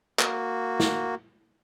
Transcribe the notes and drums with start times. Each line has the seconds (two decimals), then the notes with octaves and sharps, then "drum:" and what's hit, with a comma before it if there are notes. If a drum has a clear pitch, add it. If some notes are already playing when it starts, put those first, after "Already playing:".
0.19 A#3 F#4, drum: clap
0.80 drum: snare